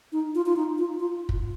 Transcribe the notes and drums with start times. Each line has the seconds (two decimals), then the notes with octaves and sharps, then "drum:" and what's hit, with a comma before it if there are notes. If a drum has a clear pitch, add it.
0.12 D#4
0.35 F4
0.46 F4
0.56 D#4
0.78 F4
0.99 F4
1.29 drum: kick